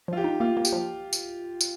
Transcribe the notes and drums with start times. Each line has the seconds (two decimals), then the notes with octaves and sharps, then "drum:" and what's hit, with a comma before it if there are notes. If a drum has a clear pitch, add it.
0.08 F3 F4
0.17 G4
0.24 D#4
0.40 A#3 F4
0.57 A#3
0.65 G4, drum: tambourine
0.72 F3
1.13 drum: tambourine
1.61 drum: tambourine